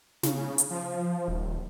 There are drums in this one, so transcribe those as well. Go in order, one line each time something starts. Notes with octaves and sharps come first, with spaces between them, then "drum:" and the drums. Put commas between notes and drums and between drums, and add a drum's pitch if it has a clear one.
C#3, drum: snare
drum: hi-hat
F3
D#1